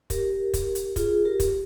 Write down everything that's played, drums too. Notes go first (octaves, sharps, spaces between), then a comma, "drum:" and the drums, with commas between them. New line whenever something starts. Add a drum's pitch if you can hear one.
G4 A#4, drum: kick, hi-hat
drum: kick, hi-hat
drum: hi-hat
F4 G#4, drum: kick, hi-hat
G4 A#4
drum: kick, hi-hat